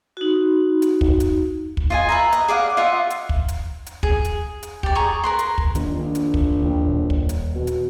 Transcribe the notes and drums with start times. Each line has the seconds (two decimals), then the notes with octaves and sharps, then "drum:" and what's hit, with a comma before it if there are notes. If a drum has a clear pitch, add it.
0.17 D#4 F#4
0.82 drum: hi-hat
1.01 drum: kick
1.20 drum: hi-hat
1.77 drum: kick
1.90 F4 D#5 G#5
2.09 B4 E5 A#5
2.32 D#5, drum: hi-hat
2.48 G#4 D5 F5 F#5
2.77 F4 D#5 E5 F#5
3.10 drum: hi-hat
3.29 drum: kick
3.48 drum: hi-hat
3.86 drum: hi-hat
4.03 G#4, drum: kick
4.25 drum: hi-hat
4.63 drum: hi-hat
4.83 G4 D5, drum: kick
4.95 G#4 A#5 C#6 D#6
5.24 A#4 B4 C6
5.39 drum: hi-hat
5.58 drum: kick
5.75 A#1 D#3, drum: hi-hat
5.96 A#1
6.15 drum: hi-hat
6.34 drum: kick
6.62 D#2 D#3
6.86 D#1
7.10 drum: kick
7.29 drum: hi-hat
7.55 B2
7.67 drum: hi-hat